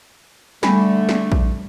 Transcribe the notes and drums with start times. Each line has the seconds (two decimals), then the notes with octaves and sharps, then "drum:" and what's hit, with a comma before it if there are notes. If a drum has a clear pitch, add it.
0.63 D3 G3 A3 G#5 B5, drum: snare
1.09 drum: snare
1.32 drum: kick A#1